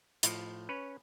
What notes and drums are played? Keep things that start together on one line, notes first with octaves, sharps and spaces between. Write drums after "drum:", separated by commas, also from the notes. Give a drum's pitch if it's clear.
A2 F3, drum: hi-hat
C#4 B4 C#5